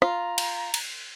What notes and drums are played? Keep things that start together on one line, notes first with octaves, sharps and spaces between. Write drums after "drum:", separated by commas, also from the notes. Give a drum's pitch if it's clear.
F4 A#5, drum: rim click
drum: cymbal
drum: cymbal